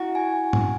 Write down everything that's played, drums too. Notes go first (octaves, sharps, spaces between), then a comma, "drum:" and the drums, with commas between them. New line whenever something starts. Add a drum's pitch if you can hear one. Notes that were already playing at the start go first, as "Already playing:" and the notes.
Already playing: E4 F#4
G#5
drum: tom